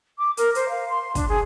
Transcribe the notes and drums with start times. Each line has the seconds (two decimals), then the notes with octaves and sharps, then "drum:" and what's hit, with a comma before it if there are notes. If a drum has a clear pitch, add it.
0.18 D6
0.37 A#4, drum: hi-hat
0.55 C5, drum: hi-hat
0.69 F5
0.89 C6
1.15 D4, drum: kick, hi-hat
1.28 G#4